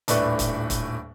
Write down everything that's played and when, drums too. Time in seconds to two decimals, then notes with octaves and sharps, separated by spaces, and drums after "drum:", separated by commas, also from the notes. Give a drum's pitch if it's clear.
0.08 D#1 A2 D4 B4 E5 C#6, drum: hi-hat
0.39 drum: kick, hi-hat
0.70 drum: kick, hi-hat